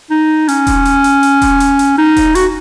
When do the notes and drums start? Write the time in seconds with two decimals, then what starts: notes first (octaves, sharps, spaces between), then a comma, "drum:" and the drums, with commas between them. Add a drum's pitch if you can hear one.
0.10 D#4
0.49 C#4, drum: hi-hat
0.67 drum: kick E1, hi-hat
0.85 drum: hi-hat
1.04 drum: hi-hat
1.23 drum: hi-hat
1.42 drum: kick E1, hi-hat
1.60 drum: hi-hat
1.79 drum: hi-hat
1.98 D#4
2.16 drum: kick E1, hi-hat
2.35 F#4, drum: hi-hat